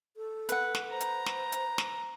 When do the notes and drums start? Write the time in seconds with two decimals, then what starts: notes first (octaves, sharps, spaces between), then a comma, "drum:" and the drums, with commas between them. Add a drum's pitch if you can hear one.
0.17 A4
0.49 B4 F#5, drum: hi-hat
0.75 drum: snare
0.91 C5 A#5
1.00 drum: hi-hat
1.26 drum: snare
1.52 drum: hi-hat
1.78 drum: snare